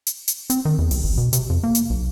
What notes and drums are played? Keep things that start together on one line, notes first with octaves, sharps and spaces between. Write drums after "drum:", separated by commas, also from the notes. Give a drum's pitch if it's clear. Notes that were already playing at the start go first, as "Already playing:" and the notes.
drum: hi-hat
drum: hi-hat
C4, drum: hi-hat
D#3
E2
C2, drum: open hi-hat
G1
B2
C3, drum: hi-hat
F2
A#3
drum: hi-hat
B1